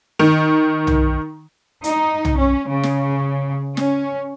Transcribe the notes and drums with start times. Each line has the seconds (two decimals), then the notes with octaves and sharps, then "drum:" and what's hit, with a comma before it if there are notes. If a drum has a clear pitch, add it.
0.19 D#3
0.87 drum: tom B1
1.84 D#4, drum: hi-hat
2.25 drum: tom B1
2.37 C#4
2.69 C#3
2.83 drum: snare
3.77 C#4, drum: snare